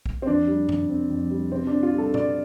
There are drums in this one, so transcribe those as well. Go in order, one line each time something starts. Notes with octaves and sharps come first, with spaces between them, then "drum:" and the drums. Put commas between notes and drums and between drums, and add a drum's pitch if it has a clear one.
drum: kick
C4
F2 D4
G3
C3, drum: tom F#2
C4
F2
G3
C3 C4
D4
C4
F4
G3
A4
C3 D5, drum: tom A#2